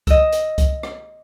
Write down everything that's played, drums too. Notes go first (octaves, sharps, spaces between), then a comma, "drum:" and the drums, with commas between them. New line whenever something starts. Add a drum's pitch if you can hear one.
D#5 E6, drum: kick, hi-hat
drum: hi-hat
drum: kick, hi-hat
drum: rim click